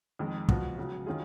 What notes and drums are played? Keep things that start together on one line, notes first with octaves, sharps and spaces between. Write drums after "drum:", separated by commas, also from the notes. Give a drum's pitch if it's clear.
F2 D#3 G#3
F3 B3 F#4, drum: kick
C#2 C#3 F#3
D#3 F#3 C#4 F4 G#4